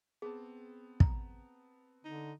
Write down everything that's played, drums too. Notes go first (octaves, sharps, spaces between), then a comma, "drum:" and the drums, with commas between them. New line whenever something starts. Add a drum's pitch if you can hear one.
B3 C4 G#4 A5
A#5, drum: kick
D3 D#4